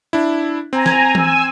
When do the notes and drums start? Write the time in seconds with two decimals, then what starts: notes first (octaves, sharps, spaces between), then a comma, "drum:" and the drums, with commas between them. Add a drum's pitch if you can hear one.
0.13 D4 E4
0.73 C4 G#5 A#5
0.86 drum: snare
1.15 G#5 E6, drum: tom E3